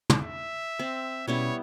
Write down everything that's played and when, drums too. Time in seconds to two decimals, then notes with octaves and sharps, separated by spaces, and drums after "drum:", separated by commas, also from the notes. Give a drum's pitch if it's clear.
0.10 drum: tom
0.21 E5
0.79 C4
1.28 B2 G3 B3 C#4 E4 C#5